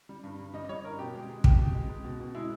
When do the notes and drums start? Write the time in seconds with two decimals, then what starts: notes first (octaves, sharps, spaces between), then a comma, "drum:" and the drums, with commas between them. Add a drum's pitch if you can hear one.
0.09 G3
0.24 G2
0.40 G2
0.54 G3 D#5
0.65 D#5
0.69 G3 C#5
0.84 G2 A#4
0.99 B2 G4
1.14 G#3
1.29 G#3
1.44 B2 G4, drum: kick
1.59 B2
1.75 G#3
1.89 G#3
2.04 B2
2.20 B2
2.35 G#3 E4